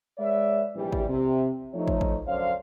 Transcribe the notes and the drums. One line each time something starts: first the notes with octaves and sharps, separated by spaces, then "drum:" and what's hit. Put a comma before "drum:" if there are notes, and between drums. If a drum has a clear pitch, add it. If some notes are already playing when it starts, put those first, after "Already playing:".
G#3 B4 C#5 D5 E5
A#1 G#2 C3 E3 G3
drum: kick
C3
F3 A3 D#4 C#5
drum: kick
drum: kick
F#2 D3 C5 C#5 F5